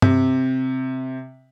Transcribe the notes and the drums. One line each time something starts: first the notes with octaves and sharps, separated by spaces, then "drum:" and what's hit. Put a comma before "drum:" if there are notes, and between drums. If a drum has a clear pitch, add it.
C3, drum: tom G2